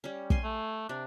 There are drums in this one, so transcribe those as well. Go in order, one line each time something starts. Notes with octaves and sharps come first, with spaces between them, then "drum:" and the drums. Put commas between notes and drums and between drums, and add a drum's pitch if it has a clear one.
G3 C#4
G#5 C6, drum: kick
A3
C3 D4